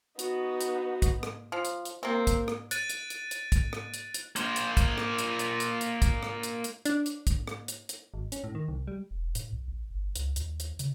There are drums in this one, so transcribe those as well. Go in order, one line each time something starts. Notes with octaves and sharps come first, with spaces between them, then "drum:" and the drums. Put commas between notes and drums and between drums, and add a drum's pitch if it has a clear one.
B3 D#4 F#4, drum: hi-hat
drum: hi-hat
drum: kick, hi-hat
drum: rim click
F3
drum: hi-hat
drum: hi-hat
C3 A#3 C4
drum: kick, hi-hat
drum: rim click
F#6 A6 D7 D#7, drum: hi-hat
drum: hi-hat
drum: hi-hat
drum: hi-hat
drum: kick, hi-hat
drum: rim click
drum: hi-hat
drum: hi-hat
A#3 C5, drum: hi-hat
drum: hi-hat
drum: kick, hi-hat
drum: rim click
drum: hi-hat
drum: hi-hat
drum: hi-hat
drum: hi-hat
drum: kick, hi-hat
drum: rim click
drum: hi-hat
drum: hi-hat
D4, drum: hi-hat
drum: hi-hat
drum: kick, hi-hat
drum: rim click
drum: hi-hat
drum: hi-hat
G#1
C#4, drum: hi-hat
A2
D#3
C2
G3
E1
A2, drum: hi-hat
B1
A1
G1
C#2, drum: hi-hat
D#2, drum: hi-hat
drum: hi-hat
C#3, drum: hi-hat